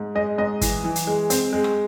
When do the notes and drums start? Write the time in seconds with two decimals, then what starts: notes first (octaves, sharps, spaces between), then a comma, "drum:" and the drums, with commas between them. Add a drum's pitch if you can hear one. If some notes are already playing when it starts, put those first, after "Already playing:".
Already playing: G#2
0.15 G#3 D#5
0.38 G#2 D#5
0.61 E3, drum: kick, hi-hat
0.84 E3
0.96 drum: hi-hat
1.07 G#3
1.30 C4, drum: hi-hat
1.53 G#3
1.64 drum: rim click